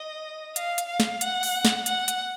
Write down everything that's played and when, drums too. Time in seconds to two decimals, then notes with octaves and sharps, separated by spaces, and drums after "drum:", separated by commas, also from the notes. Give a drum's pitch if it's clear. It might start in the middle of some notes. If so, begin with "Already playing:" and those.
Already playing: D#5
0.56 F5, drum: hi-hat
0.78 drum: hi-hat
0.89 F5
1.00 drum: snare
1.21 F#5, drum: hi-hat
1.43 drum: open hi-hat
1.65 drum: snare
1.86 F#5, drum: hi-hat
2.08 drum: hi-hat